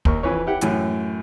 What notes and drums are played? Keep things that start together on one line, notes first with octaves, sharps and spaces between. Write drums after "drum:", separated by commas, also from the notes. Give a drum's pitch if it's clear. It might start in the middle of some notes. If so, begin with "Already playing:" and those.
D#2 A#4 C#6, drum: kick
F2 E3 B4 C#5
E4 G4 F#5 G5
F#2 A2 E3, drum: hi-hat